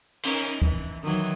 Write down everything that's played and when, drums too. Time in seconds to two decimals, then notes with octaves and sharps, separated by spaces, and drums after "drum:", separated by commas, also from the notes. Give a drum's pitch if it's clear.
0.23 C#4 D#4 A#4, drum: cymbal
0.62 E3, drum: kick
1.03 D#3 E3 F#3